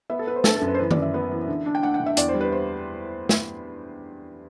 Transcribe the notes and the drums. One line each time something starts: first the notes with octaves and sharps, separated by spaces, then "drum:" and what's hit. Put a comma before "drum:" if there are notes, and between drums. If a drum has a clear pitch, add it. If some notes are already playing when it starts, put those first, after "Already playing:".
B3 E5
A4
B3 B4
C5
D4 A4, drum: snare
F#2 A4
B4
C5
E3 B4
D5, drum: tom D#3
F#2
E5
B3
E3
D3
D4
G5
D4 F#5
F#5
D3
E5
E2 D5, drum: hi-hat
C5
G3
B4
C5
drum: snare